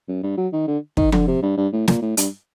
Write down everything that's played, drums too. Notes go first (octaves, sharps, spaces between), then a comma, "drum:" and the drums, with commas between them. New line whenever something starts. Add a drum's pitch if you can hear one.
F#2
G2
F#3
D#3
D3
D#3, drum: kick
D3, drum: tom F3
C3
G2
G2
A2
A#2, drum: snare
A2
G2, drum: hi-hat